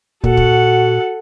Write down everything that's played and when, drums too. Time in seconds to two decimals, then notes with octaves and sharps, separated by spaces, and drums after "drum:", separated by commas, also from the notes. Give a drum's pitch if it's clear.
0.24 A#2 F#4 A4 F#5, drum: kick
0.37 drum: kick